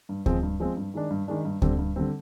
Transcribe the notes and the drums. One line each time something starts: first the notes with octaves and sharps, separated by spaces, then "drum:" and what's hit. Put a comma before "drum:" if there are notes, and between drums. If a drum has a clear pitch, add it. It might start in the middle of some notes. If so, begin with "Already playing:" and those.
G2
F3 G#3 C4, drum: kick D2
G2
F3 G#3 C4
G2
D#3 G#3 D4
G2
D#3 G#3 D4
G2
D3 G3 C4, drum: kick D2
G2
D3 G3 C4